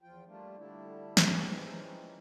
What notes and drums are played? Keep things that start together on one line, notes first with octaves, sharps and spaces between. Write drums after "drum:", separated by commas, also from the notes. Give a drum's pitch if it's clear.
E2 F3 F4 G5
G3 A3 A#3 D4 F4
D3 G3 A3 D4 E4
drum: snare
E3 F3 G#3 C4 C#4 D#4